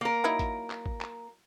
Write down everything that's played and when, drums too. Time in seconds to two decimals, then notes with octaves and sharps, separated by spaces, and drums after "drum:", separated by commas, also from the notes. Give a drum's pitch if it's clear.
0.01 A#3 A#4
0.24 F#3 D#4 E4
0.39 drum: kick G#1, hi-hat
0.70 drum: clap
0.86 drum: kick G#1
1.01 drum: clap